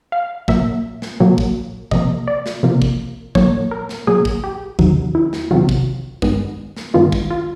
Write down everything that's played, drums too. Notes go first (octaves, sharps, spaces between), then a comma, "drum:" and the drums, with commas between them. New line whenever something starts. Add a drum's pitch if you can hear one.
F5
A#2 F#3 A#3 E5, drum: kick
drum: snare
A#2 F#3 A#3
drum: kick
C3 F3 A#3 D#5, drum: kick
D5
drum: snare
C3 F3 A#3
drum: kick
A#2 F#3 A#3 C#5, drum: kick
A#4
drum: snare
A#2 F#3 A#3 G#4
drum: kick
G4
E2 C3 D#3 F#3, drum: kick
E4
drum: snare
E2 C3 D#3 F#3 F4
drum: kick
G2 D#3 G#3 B3, drum: kick
drum: snare
G2 D#3 G#3 B3 F4
drum: kick
F4